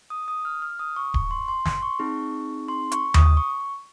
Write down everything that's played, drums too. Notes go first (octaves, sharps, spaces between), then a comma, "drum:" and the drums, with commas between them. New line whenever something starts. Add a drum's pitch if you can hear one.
D#6
D#6
F6
F6
D#6
C#6
C#6, drum: kick D1
C6
C6
C6, drum: snare
C#6
C4 D#4 G#4
C6
C#6, drum: hi-hat
D#6, drum: tom D#2
C#6